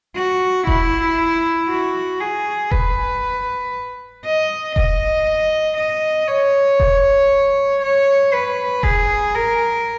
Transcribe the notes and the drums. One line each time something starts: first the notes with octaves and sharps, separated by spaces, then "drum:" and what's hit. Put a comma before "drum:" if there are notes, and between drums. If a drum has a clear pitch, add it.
F#4
E4, drum: kick E1
F#4
G#4
B4, drum: kick E1
D#5
D#5, drum: kick E1
D#5
C#5
drum: kick E1
C#5
B4
G#4, drum: kick E1
A#4